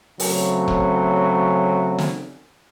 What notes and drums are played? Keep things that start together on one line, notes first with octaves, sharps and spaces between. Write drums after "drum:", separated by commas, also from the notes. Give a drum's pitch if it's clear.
C#3 F#3 A3 C4, drum: open hi-hat
drum: kick E1
drum: snare